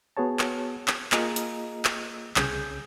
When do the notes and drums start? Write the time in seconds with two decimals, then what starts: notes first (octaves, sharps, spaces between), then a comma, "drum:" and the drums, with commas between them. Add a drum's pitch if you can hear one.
0.17 B3 F#4 G#4 C#5 A5
0.39 drum: clap
0.88 drum: clap
1.12 A#3 F4 G#4 D#5 A#5, drum: clap
1.36 drum: hi-hat
1.85 drum: clap
2.36 C2 C#3 G#4 G6, drum: clap